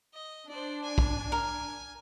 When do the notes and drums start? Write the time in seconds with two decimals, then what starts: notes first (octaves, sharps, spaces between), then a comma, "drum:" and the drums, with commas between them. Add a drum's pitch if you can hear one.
0.14 D#5
0.49 D4 C5 D5
0.84 G#5
0.98 drum: kick
1.32 A#4